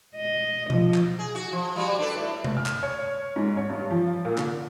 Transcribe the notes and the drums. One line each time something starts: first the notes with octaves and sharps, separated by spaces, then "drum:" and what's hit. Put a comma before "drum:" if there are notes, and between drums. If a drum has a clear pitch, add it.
D#5
F3, drum: tom B2
drum: clap
G#4
F#4
F3
G3 F#4
D4 A4 B4
A2
drum: tom C3
F6
drum: clap
C#5
G#2
C#5
G2
F3
A#2
D3, drum: clap